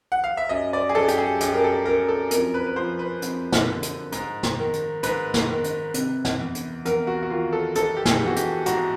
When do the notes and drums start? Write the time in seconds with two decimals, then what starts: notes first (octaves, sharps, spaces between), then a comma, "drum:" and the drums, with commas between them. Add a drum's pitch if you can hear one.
0.12 F#5
0.24 F5
0.37 E5
0.49 F#2 D#5
0.73 D5
0.89 G#4
0.95 F#2 A4
1.08 G4, drum: hi-hat
1.18 G#4
1.40 F#2 G4, drum: hi-hat
1.54 A#4
1.64 A4
1.85 F#2 A#4
2.08 A4
2.31 F2 A#4, drum: hi-hat
2.54 B4
2.66 B4
2.76 F3 C5
2.99 B4
3.22 F2, drum: hi-hat
3.52 drum: snare
3.67 D3
3.83 drum: hi-hat
4.12 G#2, drum: hi-hat
4.43 drum: snare
4.59 D#3
4.73 drum: hi-hat
5.03 G#2 B4, drum: hi-hat
5.34 drum: snare
5.49 D#3
5.64 drum: hi-hat
5.94 C3, drum: hi-hat
6.25 drum: snare
6.40 E2
6.55 drum: hi-hat
6.85 E2 A#4, drum: hi-hat
7.07 F#4
7.23 F#4
7.30 D#3 F4
7.53 A4
7.75 G#2 A4, drum: hi-hat
7.97 G4
8.05 G#4, drum: snare
8.21 E3
8.27 F#4
8.36 G4, drum: hi-hat
8.66 G#2 F#4, drum: hi-hat